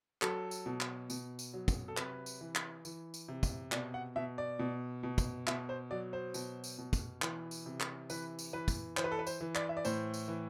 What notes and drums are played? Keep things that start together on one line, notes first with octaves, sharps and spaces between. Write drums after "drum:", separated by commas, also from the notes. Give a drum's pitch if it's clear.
F#3 A4, drum: clap
drum: tambourine
B2
drum: clap
B2, drum: tambourine
drum: tambourine
F#3
drum: kick, tambourine
A4
C3 B4, drum: clap
drum: tambourine
E3
drum: clap
E3, drum: tambourine
drum: tambourine
C3
drum: kick, tambourine
B2 D5, drum: clap
F#5
B2 E5
D5
B2
B2
drum: kick, tambourine
B2 E5, drum: clap
C5
F#3 D5
C5
B2, drum: tambourine
drum: tambourine
B2
drum: kick, tambourine
E3, drum: clap
drum: tambourine
C3
drum: clap
E3 B4, drum: tambourine
drum: tambourine
E3 B4
drum: kick, tambourine
E3 C5, drum: clap
B4
A4
B4
C5, drum: tambourine
E3
D5, drum: clap
E5
D5
A2 C5, drum: tambourine
drum: tambourine
E3